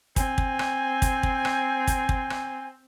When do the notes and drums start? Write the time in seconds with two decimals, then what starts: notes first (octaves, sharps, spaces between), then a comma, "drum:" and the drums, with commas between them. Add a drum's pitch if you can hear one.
0.16 C4 G#5, drum: kick, hi-hat
0.38 drum: kick
0.59 drum: rim click
1.02 drum: kick, hi-hat
1.23 drum: kick
1.45 drum: rim click
1.87 drum: kick, hi-hat
2.09 drum: kick
2.30 drum: rim click